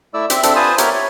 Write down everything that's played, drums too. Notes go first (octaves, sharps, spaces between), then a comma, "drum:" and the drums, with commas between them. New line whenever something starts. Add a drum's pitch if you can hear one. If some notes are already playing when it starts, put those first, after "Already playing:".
A3 E4 D5 E6
C4 E5, drum: hi-hat
C4 D4 A4 E6, drum: hi-hat
F4 B4 C5 G#5 A5 D#6
B3 G4 A#4 C#5 E5 A#5, drum: hi-hat
C#5